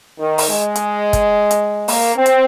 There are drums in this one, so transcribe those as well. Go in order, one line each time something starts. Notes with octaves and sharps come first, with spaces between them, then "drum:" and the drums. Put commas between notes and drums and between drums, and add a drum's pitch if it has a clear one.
D#3
drum: open hi-hat
G#3
drum: hi-hat
drum: kick, hi-hat
drum: hi-hat
A#3, drum: open hi-hat
C4
drum: hi-hat